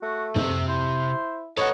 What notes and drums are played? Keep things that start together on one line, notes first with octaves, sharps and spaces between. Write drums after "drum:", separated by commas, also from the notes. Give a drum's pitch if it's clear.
A3 F#4
C3 C4 E5, drum: tom
E4 C5
A4 B4 C#5 D#5 F#5